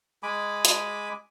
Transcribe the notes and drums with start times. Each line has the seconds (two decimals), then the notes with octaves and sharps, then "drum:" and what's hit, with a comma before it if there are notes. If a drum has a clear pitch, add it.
0.23 G#3 G#5 B5 D6
0.65 drum: hi-hat